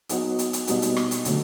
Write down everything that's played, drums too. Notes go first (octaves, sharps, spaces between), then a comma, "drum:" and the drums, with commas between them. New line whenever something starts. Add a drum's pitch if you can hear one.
F#3 B3 D#4 F#4, drum: hi-hat
drum: hi-hat
drum: hi-hat
B2 G3 B3 D#4, drum: hi-hat
drum: hi-hat
drum: rim click
drum: hi-hat
D3 F#3 A3, drum: hi-hat